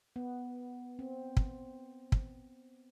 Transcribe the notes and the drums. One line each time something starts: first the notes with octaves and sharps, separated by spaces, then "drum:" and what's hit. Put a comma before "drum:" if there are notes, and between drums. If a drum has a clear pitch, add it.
B3
C4
drum: kick
drum: kick